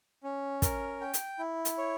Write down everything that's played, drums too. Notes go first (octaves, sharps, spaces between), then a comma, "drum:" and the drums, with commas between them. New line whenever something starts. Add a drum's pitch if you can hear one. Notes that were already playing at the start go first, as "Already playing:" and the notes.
C#4
A#4, drum: kick, hi-hat
G5
drum: hi-hat
E4
drum: hi-hat
C#5